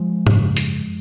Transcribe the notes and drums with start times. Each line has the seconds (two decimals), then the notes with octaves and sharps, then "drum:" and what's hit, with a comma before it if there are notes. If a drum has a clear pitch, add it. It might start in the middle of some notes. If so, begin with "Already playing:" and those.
Already playing: F3 G#3
0.27 F#2 C#3, drum: tom
0.57 drum: hi-hat